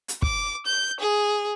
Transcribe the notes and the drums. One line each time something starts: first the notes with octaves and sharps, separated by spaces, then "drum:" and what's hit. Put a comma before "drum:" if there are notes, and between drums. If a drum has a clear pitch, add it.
drum: hi-hat
D6, drum: kick
G6
G#4